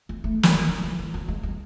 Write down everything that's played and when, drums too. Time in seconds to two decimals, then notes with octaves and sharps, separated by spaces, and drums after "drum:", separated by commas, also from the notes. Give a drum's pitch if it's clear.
0.09 G#3
0.24 A3
0.43 drum: snare
0.54 E3
0.68 D#3
0.83 E3
0.99 E3
1.14 F#3
1.28 G#3
1.43 G3